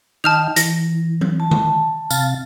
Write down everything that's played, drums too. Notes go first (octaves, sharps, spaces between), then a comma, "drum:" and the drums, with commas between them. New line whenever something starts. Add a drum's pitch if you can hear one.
D#3 D#5 G5 A5 F6 F7
E3 A#6, drum: hi-hat
drum: tom F#3
A5
drum: tom D3
C3 F5 A6, drum: tambourine